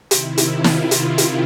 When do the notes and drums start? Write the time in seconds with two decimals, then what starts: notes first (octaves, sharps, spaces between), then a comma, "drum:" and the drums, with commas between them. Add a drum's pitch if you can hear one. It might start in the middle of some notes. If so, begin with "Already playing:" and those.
0.11 C3 D#3 E4, drum: hi-hat
0.38 drum: hi-hat
0.51 F4
0.64 drum: snare
0.91 drum: hi-hat
1.18 drum: hi-hat